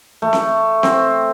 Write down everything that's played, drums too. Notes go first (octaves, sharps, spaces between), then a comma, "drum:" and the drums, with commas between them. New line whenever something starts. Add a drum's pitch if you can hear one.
A3
drum: snare C4
C4, drum: snare C4